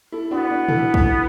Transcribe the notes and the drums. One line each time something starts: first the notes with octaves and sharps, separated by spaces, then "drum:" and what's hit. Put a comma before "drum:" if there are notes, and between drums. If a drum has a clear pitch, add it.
E4 A4
B3 D4 F#4
D4 F#4
E4 A4, drum: tom A#2
drum: kick